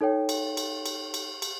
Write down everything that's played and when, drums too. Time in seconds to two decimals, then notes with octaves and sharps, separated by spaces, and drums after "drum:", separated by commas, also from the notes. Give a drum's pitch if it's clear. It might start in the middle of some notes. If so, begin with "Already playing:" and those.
0.01 D#4 A4 C#5 G5
0.29 drum: cymbal
0.57 drum: cymbal
0.86 drum: cymbal
1.14 drum: cymbal
1.42 drum: cymbal